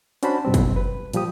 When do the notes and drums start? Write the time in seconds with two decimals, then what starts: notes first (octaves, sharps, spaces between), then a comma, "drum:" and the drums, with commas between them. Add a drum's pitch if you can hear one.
0.23 C#4 D4 F#4 C5 A5 B5, drum: hi-hat
0.45 F#2 B2 G3 C4
0.54 drum: kick, hi-hat
0.76 B4
1.13 A#2 F3 G3 G4 D#6, drum: hi-hat